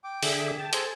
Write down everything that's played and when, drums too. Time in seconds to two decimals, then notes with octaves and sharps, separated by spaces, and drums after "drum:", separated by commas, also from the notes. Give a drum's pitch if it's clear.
0.04 G5 D6
0.23 D3 G#4 E5, drum: open hi-hat
0.59 G5 A5
0.73 G#4 A4 C5, drum: hi-hat